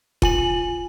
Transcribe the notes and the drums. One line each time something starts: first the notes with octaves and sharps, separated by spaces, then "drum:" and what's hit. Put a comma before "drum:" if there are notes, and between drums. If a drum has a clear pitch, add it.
F4 G#5 F#7, drum: kick F1